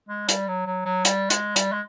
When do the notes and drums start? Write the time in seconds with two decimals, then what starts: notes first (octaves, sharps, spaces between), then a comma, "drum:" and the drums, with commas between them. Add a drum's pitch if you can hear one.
0.09 G#3
0.29 G3, drum: hi-hat
0.48 F#3
0.66 F#3
0.86 F#3
1.05 G3, drum: hi-hat
1.30 G#3, drum: hi-hat
1.56 G3, drum: hi-hat
1.72 G#3